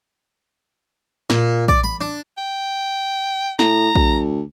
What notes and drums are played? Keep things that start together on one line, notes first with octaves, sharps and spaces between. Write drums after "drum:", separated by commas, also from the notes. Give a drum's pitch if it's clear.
A#2, drum: snare
D5, drum: kick A#1
B5
D4
G5
A2 A#5, drum: snare
D2, drum: kick A#1